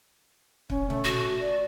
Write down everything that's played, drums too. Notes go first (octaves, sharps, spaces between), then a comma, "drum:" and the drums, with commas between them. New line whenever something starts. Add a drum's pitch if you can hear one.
C#4, drum: kick
A3, drum: tom A#2
F#4
D5